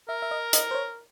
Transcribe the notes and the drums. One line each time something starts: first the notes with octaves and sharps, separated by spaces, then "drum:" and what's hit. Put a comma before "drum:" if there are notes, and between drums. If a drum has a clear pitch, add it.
A#4 E5
E5
D#5
D#5, drum: hi-hat
C5
C#5